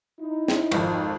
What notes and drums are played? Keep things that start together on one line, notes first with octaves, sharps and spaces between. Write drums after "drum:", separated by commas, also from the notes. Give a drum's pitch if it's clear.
D#4 E4
drum: snare
G#1 F2, drum: cymbal